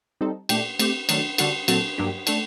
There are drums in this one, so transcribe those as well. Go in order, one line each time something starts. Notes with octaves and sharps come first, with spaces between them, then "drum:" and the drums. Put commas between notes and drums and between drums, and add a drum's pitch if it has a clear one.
G3 C4 D#4 A4
A#2 A3 D4 G4, drum: cymbal
A3 C4 G4, drum: cymbal
D#3 F#3 A3 D4, drum: cymbal
D3 G3 D4 F#4 A4, drum: cymbal
A#2 F#3 C4 F#4 A4, drum: cymbal
G2 F#3 A#3 D4 G4
A3 D4 A4, drum: cymbal